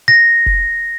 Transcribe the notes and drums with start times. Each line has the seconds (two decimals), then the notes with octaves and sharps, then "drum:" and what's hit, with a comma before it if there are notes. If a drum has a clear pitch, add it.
0.08 A#6
0.46 drum: kick F1